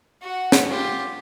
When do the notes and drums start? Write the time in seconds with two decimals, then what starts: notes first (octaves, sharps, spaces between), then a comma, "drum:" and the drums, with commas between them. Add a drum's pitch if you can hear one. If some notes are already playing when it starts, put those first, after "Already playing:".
0.22 F#4 F#5
0.52 drum: snare
0.68 F4 G4